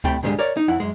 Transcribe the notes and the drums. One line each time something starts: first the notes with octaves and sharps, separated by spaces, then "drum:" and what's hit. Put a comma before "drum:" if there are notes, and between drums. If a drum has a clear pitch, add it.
C2 C3 A3 G5 B5, drum: kick C#2
G#2 D3 F3 G3 G#3
A#4 C#5 D5
D#4
F2 E4 F#5
F#2 G#3